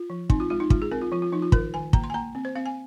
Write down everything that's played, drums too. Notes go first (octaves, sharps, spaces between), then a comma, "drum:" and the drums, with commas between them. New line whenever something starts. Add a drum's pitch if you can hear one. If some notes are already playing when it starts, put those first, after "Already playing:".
Already playing: F4
F3
C4 D#4, drum: kick
F4
G#3 F4
D#4
G#3 F4, drum: kick
G#4
C4 A#4
F4
F3 F4
F4
F3 D#4
F4
D#3 A#4, drum: kick
D#3 G#5
A#3 A#5, drum: kick
C6
G#5
A#3 A#5
C4
C5
C4 F5
G#5